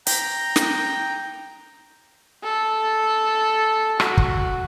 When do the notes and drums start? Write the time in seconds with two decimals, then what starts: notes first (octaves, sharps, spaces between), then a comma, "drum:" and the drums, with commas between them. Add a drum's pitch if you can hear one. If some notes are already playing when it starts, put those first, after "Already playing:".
0.07 G5 A#5 G6, drum: hi-hat
0.56 drum: snare
2.43 A4
4.00 F#4, drum: rim click
4.18 drum: kick